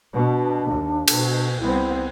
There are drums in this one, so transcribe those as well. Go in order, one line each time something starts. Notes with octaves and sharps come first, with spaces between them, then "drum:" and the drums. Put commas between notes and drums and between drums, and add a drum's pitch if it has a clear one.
B2 D4
D#2
B2, drum: cymbal
C2 B3 C4 E4